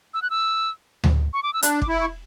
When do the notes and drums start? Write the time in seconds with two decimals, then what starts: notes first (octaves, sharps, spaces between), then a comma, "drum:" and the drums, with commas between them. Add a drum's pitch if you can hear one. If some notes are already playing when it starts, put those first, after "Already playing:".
0.14 E6
0.22 F#6
0.30 E6
1.04 drum: tom D2
1.33 C#6
1.43 D6
1.53 E6
1.63 D4 F#6, drum: hi-hat
1.82 D6, drum: kick
1.88 E4
1.94 B5
2.00 C#6